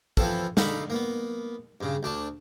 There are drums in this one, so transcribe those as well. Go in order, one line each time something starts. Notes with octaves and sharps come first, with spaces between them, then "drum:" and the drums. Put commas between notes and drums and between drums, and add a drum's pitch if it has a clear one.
E3 F3 B3 C4 A4, drum: kick
D3 D#4 F5 B5, drum: snare
A#3 B3
G2 C#3
D2 D4 A5